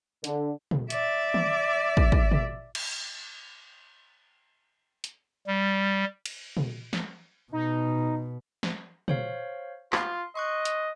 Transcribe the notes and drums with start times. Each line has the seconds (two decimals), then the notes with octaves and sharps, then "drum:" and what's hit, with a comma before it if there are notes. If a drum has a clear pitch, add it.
0.24 D3, drum: hi-hat
0.71 drum: tom
0.90 D5 E5, drum: hi-hat
1.34 drum: tom
1.97 drum: kick
2.12 drum: kick
2.32 drum: tom
2.75 drum: cymbal
5.04 drum: hi-hat
5.47 G3
6.26 drum: cymbal
6.57 drum: tom
6.93 drum: snare
7.52 B2 D#4
8.63 drum: snare
9.08 C5 C#5 F5, drum: tom
9.92 F4 C6, drum: clap
10.35 D#5 C6 C#6 F#6
10.65 drum: hi-hat